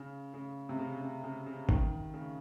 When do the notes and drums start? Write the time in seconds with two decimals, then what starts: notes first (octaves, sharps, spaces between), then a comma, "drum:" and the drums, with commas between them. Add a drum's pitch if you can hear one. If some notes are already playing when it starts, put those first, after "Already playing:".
Already playing: C#3
0.34 C#3
0.69 C3
0.79 C#3
1.01 C#3
1.24 C#3
1.46 C#3
1.69 D#3, drum: kick G#1
2.14 C#3